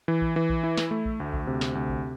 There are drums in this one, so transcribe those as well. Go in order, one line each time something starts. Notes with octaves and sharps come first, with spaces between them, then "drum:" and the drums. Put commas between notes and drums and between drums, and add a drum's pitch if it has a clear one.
E3
drum: kick A#1
E3
drum: kick A#1
E4
drum: snare
A3
drum: kick A#1
D2
drum: kick A#1
C3
drum: snare
D2
drum: kick A#1